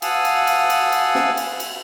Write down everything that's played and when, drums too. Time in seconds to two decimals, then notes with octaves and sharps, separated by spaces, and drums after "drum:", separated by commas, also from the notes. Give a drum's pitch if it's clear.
0.02 F5 F#5 G#5 A5 D#6 E6, drum: cymbal
0.25 drum: cymbal
0.47 drum: cymbal
0.70 drum: cymbal
0.92 drum: cymbal
1.15 drum: snare
1.37 drum: cymbal
1.60 drum: cymbal